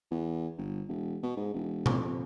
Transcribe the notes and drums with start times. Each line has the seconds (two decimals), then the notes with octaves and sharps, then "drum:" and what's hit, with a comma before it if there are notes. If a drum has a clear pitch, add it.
0.11 E2
0.58 G1
0.88 E1
1.23 B2
1.36 G#2
1.53 E1
1.86 F2, drum: tom B2